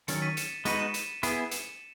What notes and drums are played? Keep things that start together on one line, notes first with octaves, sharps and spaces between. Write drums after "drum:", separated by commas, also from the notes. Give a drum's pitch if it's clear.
D#3 F#3 C#4 A6 C#7, drum: hi-hat
B6 D#7
C#7 E7, drum: hi-hat
G#3 B3 D#4 F#4 B4 B6 D#7, drum: hi-hat
C#7 E7
C#7 E7, drum: hi-hat
B3 E4 G#4, drum: hi-hat
C#7 E7, drum: hi-hat